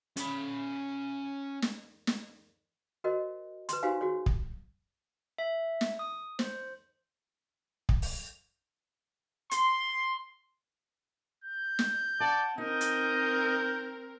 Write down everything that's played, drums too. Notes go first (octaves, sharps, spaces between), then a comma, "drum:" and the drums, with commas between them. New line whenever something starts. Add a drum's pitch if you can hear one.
C#4 B5, drum: hi-hat
drum: snare
drum: snare
F#4 A#4 C5 D#5
B4 C6, drum: hi-hat
D#4 F#4 G4 C5 F5 G#5
F#4 G#4 C#5
drum: kick
E5
drum: snare
D#6
C5, drum: snare
drum: kick
drum: open hi-hat
C6, drum: hi-hat
G6
drum: snare
D5 F#5 A5
C4 D#4 A#4 D#5 G6
drum: hi-hat